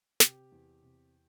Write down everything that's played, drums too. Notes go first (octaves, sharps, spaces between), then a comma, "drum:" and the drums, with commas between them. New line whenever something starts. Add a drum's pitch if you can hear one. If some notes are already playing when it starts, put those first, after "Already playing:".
C3 G4, drum: snare
E2
C3